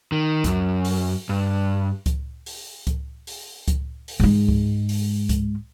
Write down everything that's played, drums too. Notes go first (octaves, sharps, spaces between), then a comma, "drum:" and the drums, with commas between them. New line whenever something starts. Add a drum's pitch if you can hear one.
D#3
F#2, drum: kick C#2, hi-hat
drum: open hi-hat
G2
drum: kick C#2, hi-hat
drum: open hi-hat
drum: kick C#2, hi-hat
drum: open hi-hat
drum: kick C#2, hi-hat
drum: open hi-hat
G#2 G#3
drum: kick C#2
drum: open hi-hat
drum: kick C#2, hi-hat